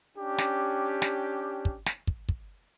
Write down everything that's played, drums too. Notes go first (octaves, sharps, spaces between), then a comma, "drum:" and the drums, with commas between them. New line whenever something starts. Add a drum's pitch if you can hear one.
C#4 D4 G4
drum: snare
drum: snare
drum: kick
drum: snare
drum: kick
drum: kick